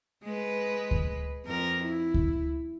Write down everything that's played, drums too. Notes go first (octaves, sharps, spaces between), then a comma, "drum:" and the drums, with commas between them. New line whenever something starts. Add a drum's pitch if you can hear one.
G#3 B4
drum: kick D2
F2 A#4
E4
drum: kick D2